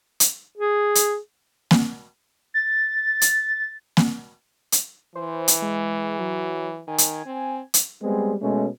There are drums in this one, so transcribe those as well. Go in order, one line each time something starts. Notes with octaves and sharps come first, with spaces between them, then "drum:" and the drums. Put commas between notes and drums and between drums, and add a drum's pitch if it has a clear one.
drum: hi-hat
G#4
drum: hi-hat
drum: snare A#3
A6
drum: hi-hat
drum: snare A#3
drum: hi-hat
E3 C5
drum: hi-hat
G#3
F#3
D#3 G#5
drum: hi-hat
C4
drum: hi-hat
G3 G#3 B3 C4 G#4
B2 G#3 A3 C#4